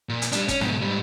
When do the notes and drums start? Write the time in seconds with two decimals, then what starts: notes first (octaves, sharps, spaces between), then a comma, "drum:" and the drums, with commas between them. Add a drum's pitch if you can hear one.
0.09 A#2
0.22 drum: hi-hat
0.32 G3 D4, drum: hi-hat
0.48 C#4, drum: kick, hi-hat
0.61 G#2 B2, drum: snare
0.81 G#2 G3